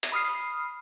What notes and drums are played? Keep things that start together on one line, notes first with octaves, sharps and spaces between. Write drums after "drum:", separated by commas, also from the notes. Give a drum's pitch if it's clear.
drum: hi-hat
B5 D#6 F6 C7